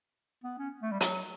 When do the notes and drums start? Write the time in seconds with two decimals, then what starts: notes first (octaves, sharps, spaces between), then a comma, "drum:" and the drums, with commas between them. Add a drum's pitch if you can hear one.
0.44 B3
0.58 C#4
0.82 A3
0.91 G3
1.01 F#3, drum: hi-hat